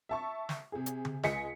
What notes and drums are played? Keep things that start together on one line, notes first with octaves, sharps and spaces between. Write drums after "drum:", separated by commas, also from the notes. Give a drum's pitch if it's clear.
E5 A5 C#6
drum: snare
C3 G#4
drum: hi-hat
drum: tom C#3
C#2 G#3 D#5 G#5 B6 C#7, drum: snare